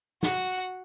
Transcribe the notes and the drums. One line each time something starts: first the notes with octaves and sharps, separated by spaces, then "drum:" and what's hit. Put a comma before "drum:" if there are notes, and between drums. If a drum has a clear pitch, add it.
F#4 F#5, drum: snare